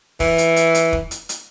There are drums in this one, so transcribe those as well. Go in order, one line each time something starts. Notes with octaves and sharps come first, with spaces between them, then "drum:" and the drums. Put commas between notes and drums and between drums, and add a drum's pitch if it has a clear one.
E3, drum: kick F1, open hi-hat
drum: hi-hat
drum: hi-hat
drum: hi-hat
drum: kick F1
drum: hi-hat
drum: hi-hat